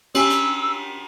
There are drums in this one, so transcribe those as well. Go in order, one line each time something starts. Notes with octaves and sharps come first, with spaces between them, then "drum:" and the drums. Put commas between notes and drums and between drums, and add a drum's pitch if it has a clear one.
C#4 G4 G#5 E6, drum: cymbal
drum: hi-hat